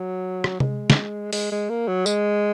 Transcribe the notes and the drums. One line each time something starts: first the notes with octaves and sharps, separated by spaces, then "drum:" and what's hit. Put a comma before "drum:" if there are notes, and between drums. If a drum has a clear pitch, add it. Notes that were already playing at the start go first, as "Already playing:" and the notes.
Already playing: F#3
drum: rim click
G#3, drum: tom C3
drum: snare
G#3, drum: open hi-hat
G#3
A#3
F#3
G#3, drum: tambourine